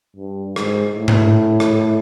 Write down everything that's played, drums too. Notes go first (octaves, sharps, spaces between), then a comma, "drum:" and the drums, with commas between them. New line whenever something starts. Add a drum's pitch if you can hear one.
G2
G#2, drum: rim click
A2
drum: tom G#2
drum: rim click